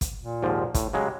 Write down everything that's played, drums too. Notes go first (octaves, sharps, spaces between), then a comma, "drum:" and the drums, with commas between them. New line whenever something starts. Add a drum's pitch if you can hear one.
drum: kick, hi-hat
A#2
D#2 G#2 F3
A2, drum: kick, hi-hat
C#3 F#3 G#3 G4